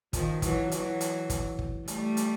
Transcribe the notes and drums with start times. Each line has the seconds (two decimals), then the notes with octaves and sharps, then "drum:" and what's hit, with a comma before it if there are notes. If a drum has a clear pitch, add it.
0.13 D#3 F3, drum: kick, hi-hat
0.42 E3 F#3, drum: kick, hi-hat
0.72 E3 F#3, drum: hi-hat
1.01 drum: hi-hat
1.30 drum: kick, hi-hat
1.59 drum: kick
1.88 G3 A3, drum: hi-hat
2.17 drum: hi-hat